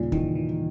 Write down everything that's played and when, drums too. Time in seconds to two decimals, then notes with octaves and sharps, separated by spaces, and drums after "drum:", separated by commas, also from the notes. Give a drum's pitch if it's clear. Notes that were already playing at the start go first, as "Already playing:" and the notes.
Already playing: D#2 A#2 C#3 G3 D#4
0.12 D#3 E3, drum: kick
0.35 E3